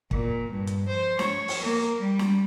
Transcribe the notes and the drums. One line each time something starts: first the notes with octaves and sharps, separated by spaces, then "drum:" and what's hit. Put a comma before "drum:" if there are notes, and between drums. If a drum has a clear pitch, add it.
A#2, drum: kick
G2
drum: hi-hat
C5
C#5, drum: snare
drum: open hi-hat
A#3
G3
drum: snare